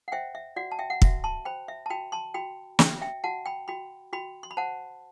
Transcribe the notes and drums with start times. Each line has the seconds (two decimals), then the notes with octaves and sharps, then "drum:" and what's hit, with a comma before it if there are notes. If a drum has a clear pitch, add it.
0.08 F#5
0.12 C5 E5 G5
0.35 E5
0.56 F#4 D5 F#5
0.72 A5
0.79 E5 G5
0.90 F#5
1.02 F#4 E5, drum: kick
1.24 A5 C6
1.45 C5 G5 B5
1.68 E5
1.86 A5
1.90 F#4 G5 B5
2.12 A5 C6
2.34 F#4 G5 B5
2.79 F#4 E5 G5, drum: snare
3.01 E5 G5
3.24 F#4 F#5 A5
3.46 G5 B5
3.68 F#4 G5 B5
4.13 F#4 G5 B5
4.43 C6
4.51 B5
4.57 C5 F#5 A5